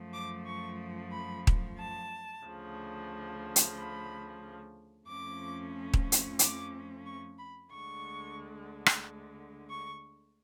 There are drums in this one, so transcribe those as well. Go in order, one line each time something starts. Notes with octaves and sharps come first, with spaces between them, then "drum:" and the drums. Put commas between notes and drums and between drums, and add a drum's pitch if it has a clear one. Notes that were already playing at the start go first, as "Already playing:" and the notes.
Already playing: F#2 F3 A3
D6
C#6
B5
drum: kick D#1
A5
D2 C#3 F3
drum: hi-hat
B5
F2 F3 A3 C#4 D6
drum: kick D#1
drum: hi-hat
D6, drum: hi-hat
C#6
B5
D2 D3 G#3 C#6
drum: rim click
C#6